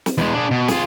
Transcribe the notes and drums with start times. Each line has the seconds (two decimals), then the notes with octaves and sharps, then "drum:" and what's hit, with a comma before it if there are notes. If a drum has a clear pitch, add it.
0.06 drum: snare
0.18 E2 G#3
0.34 D4 G#4
0.51 B2
0.68 F4 G#4, drum: snare